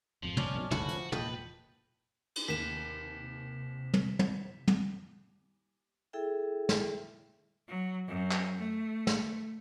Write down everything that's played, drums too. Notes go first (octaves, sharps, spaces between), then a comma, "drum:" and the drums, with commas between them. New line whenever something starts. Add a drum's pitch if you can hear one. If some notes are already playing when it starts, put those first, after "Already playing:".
G#1 F2 F3
C#4 D4 F6, drum: tom
F#2 B2 D#3
G1 D2 A3 C#4 F#4 B4, drum: tom
F3, drum: hi-hat
E1 A#2 B4 D#5 G5 A5, drum: tom
drum: cymbal
D#2 C3 B6 E7
drum: tom
drum: tom
drum: tom
E4 G#4 A4 E5 G5
drum: snare
F#3
F#2
drum: clap
A3
drum: snare